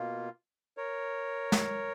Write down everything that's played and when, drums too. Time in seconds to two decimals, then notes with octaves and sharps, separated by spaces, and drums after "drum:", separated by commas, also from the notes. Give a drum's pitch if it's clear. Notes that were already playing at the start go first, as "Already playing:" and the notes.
Already playing: B2 A#3 F4
0.77 A#4 C#5
1.52 drum: snare